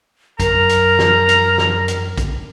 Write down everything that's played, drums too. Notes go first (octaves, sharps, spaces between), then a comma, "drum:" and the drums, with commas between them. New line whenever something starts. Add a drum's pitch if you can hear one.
F#2 A#4 A#5, drum: kick A#1, hi-hat
drum: hi-hat
drum: snare
drum: hi-hat
drum: snare
drum: hi-hat
drum: kick A#1, hi-hat